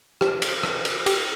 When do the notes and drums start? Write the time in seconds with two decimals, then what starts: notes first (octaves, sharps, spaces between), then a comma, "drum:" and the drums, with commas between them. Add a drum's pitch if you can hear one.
0.21 G4, drum: rim click
0.42 drum: cymbal
0.63 drum: rim click
0.85 drum: cymbal
1.06 G4, drum: cymbal